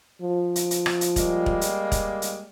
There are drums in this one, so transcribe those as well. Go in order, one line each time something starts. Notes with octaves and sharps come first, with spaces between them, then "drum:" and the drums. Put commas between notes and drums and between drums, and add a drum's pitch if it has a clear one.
F3
drum: hi-hat
drum: hi-hat
drum: rim click
drum: hi-hat
G3 G#3 A#3, drum: kick E1, hi-hat
drum: kick E1
drum: hi-hat
drum: kick E1, hi-hat
drum: hi-hat